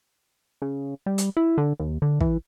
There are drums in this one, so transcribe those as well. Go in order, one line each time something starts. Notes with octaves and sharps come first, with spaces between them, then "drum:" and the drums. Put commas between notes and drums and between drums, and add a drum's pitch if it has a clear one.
C#3
G3
drum: hi-hat
E4
D3
D#2
D3
E3, drum: kick